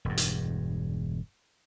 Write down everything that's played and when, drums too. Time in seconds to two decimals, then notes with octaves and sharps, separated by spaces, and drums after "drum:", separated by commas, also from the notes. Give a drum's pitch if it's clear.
0.05 E1 G2
0.17 drum: hi-hat